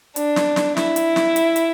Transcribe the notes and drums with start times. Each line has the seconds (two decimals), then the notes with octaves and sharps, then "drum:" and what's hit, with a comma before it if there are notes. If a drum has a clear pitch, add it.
0.16 D4, drum: hi-hat
0.36 drum: snare
0.56 drum: snare
0.77 E4, drum: snare
0.96 drum: hi-hat
1.16 drum: snare
1.36 drum: hi-hat
1.56 drum: hi-hat